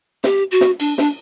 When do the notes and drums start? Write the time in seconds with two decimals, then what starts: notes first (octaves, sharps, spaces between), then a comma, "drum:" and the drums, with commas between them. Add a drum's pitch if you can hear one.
0.24 G4, drum: snare
0.51 F#4
0.61 drum: snare
0.80 D4, drum: cymbal
0.98 D4, drum: snare